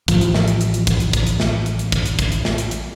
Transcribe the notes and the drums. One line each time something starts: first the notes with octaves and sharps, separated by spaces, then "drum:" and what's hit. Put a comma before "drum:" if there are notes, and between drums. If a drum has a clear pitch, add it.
A1 F3, drum: kick, hi-hat
drum: hi-hat
drum: snare
drum: hi-hat
drum: hi-hat
drum: hi-hat
drum: kick, hi-hat
drum: hi-hat
drum: kick, hi-hat
drum: hi-hat
drum: snare
drum: hi-hat
drum: hi-hat
drum: kick, hi-hat
drum: hi-hat
drum: kick, hi-hat
drum: hi-hat
drum: snare
drum: hi-hat
drum: hi-hat